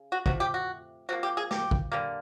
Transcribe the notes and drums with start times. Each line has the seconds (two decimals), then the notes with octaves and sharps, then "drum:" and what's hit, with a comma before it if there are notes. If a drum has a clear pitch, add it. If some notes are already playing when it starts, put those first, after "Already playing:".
Already playing: C#3
0.12 F#4
0.26 C3 F3 A3 F#4, drum: kick
0.40 G4
0.54 F#4
1.09 C3 F3 A#3 F#4
1.23 G4
1.37 G#4
1.51 G4, drum: snare
1.71 drum: kick
1.92 D3 G3 A#3